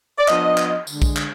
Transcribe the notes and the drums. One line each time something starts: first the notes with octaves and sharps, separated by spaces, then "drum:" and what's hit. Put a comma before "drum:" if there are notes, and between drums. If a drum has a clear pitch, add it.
D5
F3 B3 D4 D#5, drum: clap
drum: clap
D3 G#3 D4, drum: tambourine
drum: kick, tambourine
drum: clap